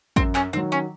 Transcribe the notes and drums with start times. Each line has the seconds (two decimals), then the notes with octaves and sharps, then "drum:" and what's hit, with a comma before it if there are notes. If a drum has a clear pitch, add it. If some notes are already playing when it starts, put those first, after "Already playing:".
0.16 F#2 C4, drum: kick A1
0.35 C#4, drum: clap
0.53 D#3 F#3 C4
0.72 C#4